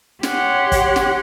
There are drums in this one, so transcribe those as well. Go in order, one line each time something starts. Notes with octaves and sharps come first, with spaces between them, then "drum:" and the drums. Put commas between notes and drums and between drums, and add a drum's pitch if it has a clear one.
G4 C#5 F#5 C6, drum: snare
drum: kick, hi-hat
drum: snare